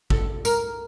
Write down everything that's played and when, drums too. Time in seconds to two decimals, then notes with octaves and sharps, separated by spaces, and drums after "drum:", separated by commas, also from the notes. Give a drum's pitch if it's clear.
0.10 A4, drum: kick
0.45 A#4, drum: tambourine